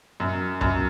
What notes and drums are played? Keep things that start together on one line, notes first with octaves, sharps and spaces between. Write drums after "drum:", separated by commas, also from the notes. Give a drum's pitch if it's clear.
F#2
F#2, drum: tom C2